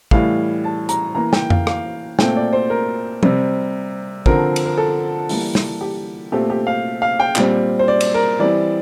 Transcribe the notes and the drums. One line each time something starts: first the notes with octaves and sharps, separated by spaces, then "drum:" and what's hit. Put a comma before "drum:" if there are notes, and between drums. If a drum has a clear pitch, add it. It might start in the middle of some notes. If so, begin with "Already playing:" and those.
A2 E3 G3 F5, drum: kick
A5
A#5, drum: hi-hat
E3 A#3 A#5
G5, drum: snare
F5, drum: tom F2
F5, drum: rim click
A#2 A3 C4 G5, drum: snare
D5
C5
A#4
C3 G3 C4, drum: tom F3
D3 F3 C4 A#4, drum: kick
drum: cymbal
A#4
A4
E3 G3 A#3, drum: open hi-hat
drum: snare
G4
A#2 A3 C4 G4
G4
F5
F5
G5
A#2 G3 C4, drum: clap
C5
D5
drum: cymbal
A#4
E3 G3 C4 D5